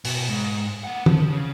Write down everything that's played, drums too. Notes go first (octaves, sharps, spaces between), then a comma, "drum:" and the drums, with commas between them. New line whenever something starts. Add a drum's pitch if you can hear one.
B2, drum: open hi-hat
G#2
A#3 F#5
F3, drum: tom
C#3